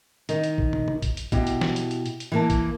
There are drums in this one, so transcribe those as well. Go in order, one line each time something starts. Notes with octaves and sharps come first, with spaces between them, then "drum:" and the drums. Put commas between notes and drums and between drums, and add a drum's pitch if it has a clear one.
D#3 D#4, drum: hi-hat
drum: hi-hat
drum: kick
drum: tom
drum: tom
drum: kick, hi-hat
drum: hi-hat
B2 E4 G4, drum: kick, hi-hat
drum: hi-hat
drum: snare
drum: hi-hat
drum: hi-hat
drum: hi-hat
drum: hi-hat
E3 A#3 A5
drum: kick, hi-hat